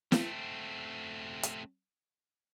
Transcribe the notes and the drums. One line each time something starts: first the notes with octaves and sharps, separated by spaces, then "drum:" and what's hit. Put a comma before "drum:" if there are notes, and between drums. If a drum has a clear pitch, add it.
A3 C4, drum: snare
drum: hi-hat